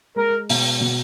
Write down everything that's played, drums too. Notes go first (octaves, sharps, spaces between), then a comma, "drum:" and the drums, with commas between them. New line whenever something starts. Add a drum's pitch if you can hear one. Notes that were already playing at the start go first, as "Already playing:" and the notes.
G#3 A#4
B2, drum: open hi-hat
B2